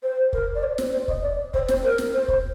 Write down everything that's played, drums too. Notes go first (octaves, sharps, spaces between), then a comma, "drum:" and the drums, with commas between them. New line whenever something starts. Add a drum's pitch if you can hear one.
C5
A#4, drum: kick
D5
C5
C5, drum: snare
C5
D#5, drum: kick
D5
C5, drum: kick
C5, drum: snare
A#4
drum: snare
C5
drum: kick